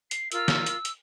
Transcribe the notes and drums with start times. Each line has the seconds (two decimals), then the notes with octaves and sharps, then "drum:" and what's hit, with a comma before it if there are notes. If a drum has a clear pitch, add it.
0.11 C7, drum: hi-hat
0.32 F4 A#4 E6, drum: hi-hat
0.48 drum: snare
0.66 drum: hi-hat
0.85 drum: hi-hat